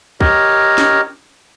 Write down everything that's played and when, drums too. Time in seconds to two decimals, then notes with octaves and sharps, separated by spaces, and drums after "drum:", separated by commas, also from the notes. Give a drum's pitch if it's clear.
0.21 G4 A#4 C#5 D#5, drum: kick
0.78 drum: snare